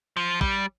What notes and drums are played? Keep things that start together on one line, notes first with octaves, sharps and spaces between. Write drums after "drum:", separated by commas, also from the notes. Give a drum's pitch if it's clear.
F3
G3, drum: kick